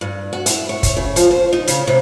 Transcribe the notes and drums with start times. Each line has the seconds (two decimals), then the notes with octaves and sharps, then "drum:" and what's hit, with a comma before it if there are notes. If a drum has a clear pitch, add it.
0.01 G2
0.33 F#4
0.46 E4, drum: hi-hat
0.69 C#5
0.83 drum: kick, hi-hat
0.97 C#3
1.16 F3, drum: hi-hat
1.31 C5
1.53 D#4
1.68 C#3, drum: hi-hat
1.87 C3